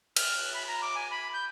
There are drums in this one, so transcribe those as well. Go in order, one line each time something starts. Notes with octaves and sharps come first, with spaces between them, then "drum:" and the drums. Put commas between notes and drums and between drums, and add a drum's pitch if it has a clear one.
F6, drum: cymbal
F#6
B5
A#5
D6
G#5
B5
G6